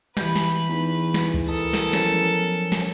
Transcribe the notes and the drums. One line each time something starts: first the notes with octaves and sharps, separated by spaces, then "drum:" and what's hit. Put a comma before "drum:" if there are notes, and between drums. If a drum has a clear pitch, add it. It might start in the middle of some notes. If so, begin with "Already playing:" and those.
E3 G4 B4 B5 G6, drum: snare
drum: snare
drum: tambourine
E2 D#4
drum: tambourine
drum: snare
drum: kick C#2, tambourine
A4 A#4 A5 D#6
drum: snare
F3 F#3 C#4, drum: snare
drum: tambourine
drum: tambourine
drum: tambourine
drum: snare